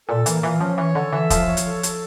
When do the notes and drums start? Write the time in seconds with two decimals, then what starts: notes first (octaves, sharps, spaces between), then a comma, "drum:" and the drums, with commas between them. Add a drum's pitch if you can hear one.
0.08 A#2 A4
0.26 E3 A#3, drum: hi-hat
0.43 E3 F4
0.61 F3 C#4
0.78 E3 C#5
0.95 D3 A4
1.13 E3 E5
1.30 F3 F4, drum: kick, hi-hat
1.48 C#5
1.57 drum: hi-hat
1.66 A4
1.83 A4, drum: hi-hat